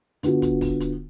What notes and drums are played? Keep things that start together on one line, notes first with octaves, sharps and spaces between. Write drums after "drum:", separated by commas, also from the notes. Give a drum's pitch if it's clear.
D3 B3 F4 F#4, drum: hi-hat
drum: kick, hi-hat
drum: kick, open hi-hat
drum: hi-hat